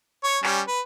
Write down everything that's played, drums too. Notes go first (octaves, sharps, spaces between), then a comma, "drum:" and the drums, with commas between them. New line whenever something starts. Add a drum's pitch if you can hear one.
C#5
G3 C#4, drum: clap
B4